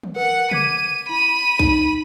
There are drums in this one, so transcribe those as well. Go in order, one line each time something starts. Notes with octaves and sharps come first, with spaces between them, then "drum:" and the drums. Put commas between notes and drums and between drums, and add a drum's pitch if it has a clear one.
drum: tom D#3
A#4 B4 F#5
D6 G#6 B6 D#7, drum: tom C3
E4 B5 D#7
D#4, drum: kick